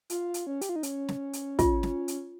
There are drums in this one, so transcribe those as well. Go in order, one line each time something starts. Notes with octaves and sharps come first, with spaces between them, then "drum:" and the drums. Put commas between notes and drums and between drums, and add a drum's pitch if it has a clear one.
F4, drum: hi-hat
drum: hi-hat
C#4
G4, drum: hi-hat
F4
D#4
C#4, drum: hi-hat
drum: snare
drum: hi-hat
F4, drum: kick, hi-hat
drum: snare
drum: hi-hat